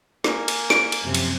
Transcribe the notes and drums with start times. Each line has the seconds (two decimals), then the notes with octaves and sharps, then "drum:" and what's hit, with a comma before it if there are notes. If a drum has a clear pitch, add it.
0.24 A#3 G#5, drum: snare
0.48 drum: cymbal
0.70 D7, drum: snare
0.92 drum: cymbal
1.02 F#2 C3 F3
1.14 drum: cymbal